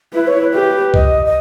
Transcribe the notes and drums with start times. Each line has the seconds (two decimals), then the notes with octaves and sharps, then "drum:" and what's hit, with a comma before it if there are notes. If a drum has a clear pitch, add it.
0.14 E4 B4
0.28 C#5
0.42 B4
0.54 G4
0.94 D#5, drum: kick C2
1.26 D#5